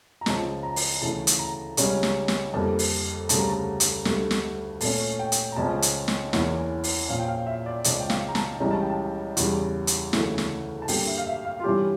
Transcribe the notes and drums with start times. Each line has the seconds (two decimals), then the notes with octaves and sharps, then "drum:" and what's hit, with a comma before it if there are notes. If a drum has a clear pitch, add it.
0.21 A#5
0.26 C#2 C#3 F3 A5, drum: snare
0.63 A#5
0.76 drum: open hi-hat
1.02 D2 C#3 E3 A5
1.27 drum: hi-hat
1.39 A#5
1.77 C#2 C#3 G3 C#4, drum: hi-hat
2.03 drum: snare
2.28 drum: snare
2.54 F2 D3 G3 A#3 A5
2.79 drum: open hi-hat
3.29 D2 C#3 G3 A5, drum: hi-hat
3.38 A#5
3.49 A5
3.80 drum: hi-hat
4.05 D2 D3 G3, drum: snare
4.31 drum: snare
4.81 A#2 A3 C#4 A5, drum: open hi-hat
5.19 G5
5.32 drum: hi-hat
5.52 A#5
5.56 C#2 C#3 F3 C#4 A5
5.82 drum: hi-hat
6.08 drum: snare
6.33 E2 E3 A#3 C#4, drum: snare
6.84 drum: open hi-hat
7.08 A#2 F3 C#4 F5
7.19 G5
7.28 F5
7.47 E5
7.66 D5
7.84 C#2 C#3 F3 D5, drum: hi-hat
8.00 G5
8.10 F5, drum: snare
8.28 A#5
8.35 A5, drum: snare
8.60 C#2 C#3 E3 G3 C#4 A#5
8.71 A5
8.81 G5
8.90 A5
9.37 E2 C#3 G3, drum: hi-hat
9.87 drum: hi-hat
10.13 D2 C#3 E3, drum: snare
10.38 drum: snare
10.82 A5
10.88 G2 D3 G3 A#3 G5, drum: open hi-hat
11.07 E5
11.18 F5
11.27 E5
11.45 F5
11.60 F4
11.64 G2 E3 G3 C#4 G4